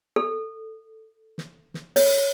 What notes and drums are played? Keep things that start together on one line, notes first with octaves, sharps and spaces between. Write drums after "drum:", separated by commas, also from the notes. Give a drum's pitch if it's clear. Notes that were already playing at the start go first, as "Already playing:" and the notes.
A4
drum: snare
drum: snare
C#5, drum: open hi-hat